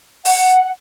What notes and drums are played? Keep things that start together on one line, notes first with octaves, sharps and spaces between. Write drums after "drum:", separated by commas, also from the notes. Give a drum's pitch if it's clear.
F#5, drum: open hi-hat